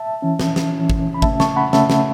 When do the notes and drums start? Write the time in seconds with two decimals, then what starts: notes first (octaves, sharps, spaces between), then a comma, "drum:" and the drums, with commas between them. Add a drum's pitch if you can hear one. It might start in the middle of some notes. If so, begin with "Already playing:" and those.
Already playing: E5 A5
0.22 E3 C#4
0.39 drum: snare
0.56 drum: snare
0.72 E3 C#4
0.90 drum: kick
1.14 B5
1.22 C#3 A3 C#4 E5 A5, drum: kick
1.40 A5 C#6, drum: snare
1.56 F#5 B5
1.73 C#3 A3 C#4 E5 A5, drum: snare
1.90 drum: snare